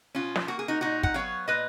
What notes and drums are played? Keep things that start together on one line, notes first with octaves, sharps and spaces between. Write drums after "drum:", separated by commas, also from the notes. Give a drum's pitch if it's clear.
B2 C#4 F4
drum: snare
A#3 F#4
G#4
D#4 F#4
A#2 D#4 F#4
F#5, drum: kick
F#3 B3 C#5 F5
A#2 B4 D#5